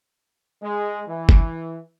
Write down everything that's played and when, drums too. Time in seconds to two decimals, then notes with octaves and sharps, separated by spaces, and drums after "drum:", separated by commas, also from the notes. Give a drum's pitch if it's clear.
0.61 G#3
1.07 E3
1.29 drum: kick